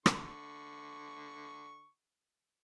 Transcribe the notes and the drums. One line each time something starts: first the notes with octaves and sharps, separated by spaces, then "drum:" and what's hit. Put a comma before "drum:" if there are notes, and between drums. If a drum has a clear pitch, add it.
D3 C#6, drum: rim click